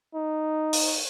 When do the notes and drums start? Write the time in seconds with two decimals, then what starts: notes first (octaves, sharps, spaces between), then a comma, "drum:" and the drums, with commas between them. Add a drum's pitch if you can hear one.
0.14 D#4
0.73 drum: open hi-hat